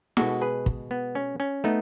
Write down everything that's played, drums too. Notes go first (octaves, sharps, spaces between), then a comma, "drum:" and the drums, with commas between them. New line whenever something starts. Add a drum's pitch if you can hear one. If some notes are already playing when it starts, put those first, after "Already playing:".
B2 G#3 F#4 A4, drum: snare
G#4 B4
drum: kick
B3
C#4
C#4
A3 B3 D#4